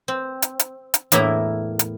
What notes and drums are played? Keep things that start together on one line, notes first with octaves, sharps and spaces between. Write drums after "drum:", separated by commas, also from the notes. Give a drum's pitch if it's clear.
C4
drum: hi-hat
drum: hi-hat
drum: hi-hat
E2 A2 A#3 E4 A#4 A#5, drum: hi-hat
drum: hi-hat